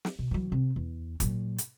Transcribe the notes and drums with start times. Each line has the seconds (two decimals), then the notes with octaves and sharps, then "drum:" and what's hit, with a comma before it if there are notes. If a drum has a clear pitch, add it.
0.05 drum: snare
0.19 B2
0.31 E3 F#3
0.52 C3
0.76 E2
1.20 A#2 F#3, drum: kick, hi-hat
1.58 drum: hi-hat